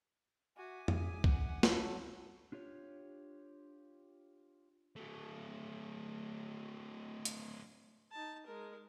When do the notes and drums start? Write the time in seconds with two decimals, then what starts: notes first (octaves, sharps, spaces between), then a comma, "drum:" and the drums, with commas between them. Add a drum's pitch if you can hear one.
0.57 F#4 E5 G#5 D6
0.88 G#4, drum: tom F2
1.24 F#5, drum: kick
1.63 F#3 F#4 A4, drum: snare
2.52 D4 F4 G4 C#5
4.96 F#3 A3
7.25 drum: hi-hat
8.12 D#4 A5
8.46 G#3 A#4